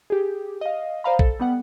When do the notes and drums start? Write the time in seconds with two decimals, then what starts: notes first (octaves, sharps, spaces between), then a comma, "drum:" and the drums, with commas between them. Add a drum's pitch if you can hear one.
0.10 G4 G#4
0.61 D#5 F5
1.04 C5 D5 D#5 F5 A#5 B5
1.19 A4, drum: kick B1
1.40 G3 B3 F#5